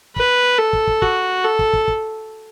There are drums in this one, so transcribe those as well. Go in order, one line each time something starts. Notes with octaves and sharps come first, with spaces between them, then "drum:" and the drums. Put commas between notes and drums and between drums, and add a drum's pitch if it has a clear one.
B4, drum: kick
A4
drum: kick
drum: kick
F#4, drum: kick
A4
drum: kick
drum: kick
drum: kick